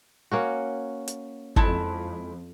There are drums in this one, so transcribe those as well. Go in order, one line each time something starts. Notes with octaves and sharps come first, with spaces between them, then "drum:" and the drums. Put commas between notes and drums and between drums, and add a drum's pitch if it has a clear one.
A#3 C#4 F#4
drum: hi-hat
F2 G#3 E4 A5, drum: kick G#1